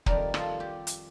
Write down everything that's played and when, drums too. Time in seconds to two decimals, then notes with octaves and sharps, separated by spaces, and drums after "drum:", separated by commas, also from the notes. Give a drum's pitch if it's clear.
0.06 F2 D#3 G3 A#4 D5, drum: kick
0.34 F4 A4, drum: rim click
0.60 G4
0.87 drum: hi-hat